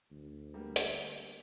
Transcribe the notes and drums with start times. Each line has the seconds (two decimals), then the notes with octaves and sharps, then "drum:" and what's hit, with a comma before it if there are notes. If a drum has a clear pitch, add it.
0.11 D2
0.54 G3 A#3 B3
0.76 drum: hi-hat